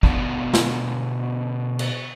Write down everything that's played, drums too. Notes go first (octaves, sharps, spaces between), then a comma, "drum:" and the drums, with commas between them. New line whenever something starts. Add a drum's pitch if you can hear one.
B2 D3 B3 D5 F5 A5, drum: kick
drum: snare
drum: cymbal